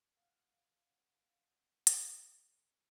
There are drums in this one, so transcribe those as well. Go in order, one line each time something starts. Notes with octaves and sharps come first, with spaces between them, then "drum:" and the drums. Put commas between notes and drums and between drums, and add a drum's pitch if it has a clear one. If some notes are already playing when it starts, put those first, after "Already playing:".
F5 F#5
drum: hi-hat